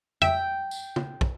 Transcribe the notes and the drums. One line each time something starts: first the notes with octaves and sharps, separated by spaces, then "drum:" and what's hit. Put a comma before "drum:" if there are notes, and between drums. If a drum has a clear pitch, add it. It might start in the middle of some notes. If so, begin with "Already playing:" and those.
E5 G5, drum: tom F2
drum: tambourine
drum: tom
drum: kick